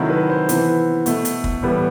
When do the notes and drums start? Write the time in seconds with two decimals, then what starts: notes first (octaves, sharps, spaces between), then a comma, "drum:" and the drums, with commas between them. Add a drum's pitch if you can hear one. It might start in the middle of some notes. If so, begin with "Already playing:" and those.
Already playing: C3 D#3 F#3 A3 E4
0.10 B4
0.30 C5
0.49 C3 E3 B3, drum: hi-hat
1.06 B2 A3, drum: hi-hat
1.25 drum: hi-hat
1.44 drum: kick
1.63 A2 E3 G3 B3